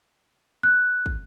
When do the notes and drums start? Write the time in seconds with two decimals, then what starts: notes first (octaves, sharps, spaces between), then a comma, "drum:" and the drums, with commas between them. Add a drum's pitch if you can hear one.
0.63 F#6
1.06 drum: kick